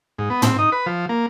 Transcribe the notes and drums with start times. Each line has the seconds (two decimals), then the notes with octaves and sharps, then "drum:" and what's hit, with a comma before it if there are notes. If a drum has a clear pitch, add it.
0.18 G#2
0.30 B3
0.42 C4, drum: tom
0.59 D#4
0.72 B4
0.86 F3
1.09 A#3